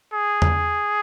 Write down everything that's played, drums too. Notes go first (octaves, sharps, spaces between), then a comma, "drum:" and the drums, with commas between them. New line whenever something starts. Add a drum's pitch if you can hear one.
G#4
drum: tom E2